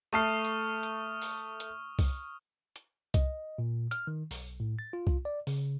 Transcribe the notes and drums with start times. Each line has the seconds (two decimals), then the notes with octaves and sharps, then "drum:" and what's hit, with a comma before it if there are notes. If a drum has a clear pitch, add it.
0.13 A3 A5 C#6 D#6 F6 C7
0.45 drum: hi-hat
0.83 drum: hi-hat
1.22 drum: open hi-hat
1.60 drum: hi-hat
1.99 drum: kick C2, open hi-hat
2.76 drum: hi-hat
3.14 D#5, drum: kick C2, hi-hat
3.58 A#2
3.91 F6, drum: hi-hat
4.07 D#3
4.31 B1, drum: open hi-hat
4.60 A2
4.79 A6
4.93 F4
5.07 drum: kick C2
5.25 D5
5.47 C#3, drum: open hi-hat